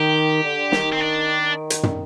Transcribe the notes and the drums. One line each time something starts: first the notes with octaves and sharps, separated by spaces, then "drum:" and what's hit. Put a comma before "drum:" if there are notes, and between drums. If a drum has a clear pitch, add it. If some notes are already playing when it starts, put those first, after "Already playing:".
Already playing: D#3 G4
D3
D#3, drum: snare
C4
D4
drum: hi-hat
drum: tom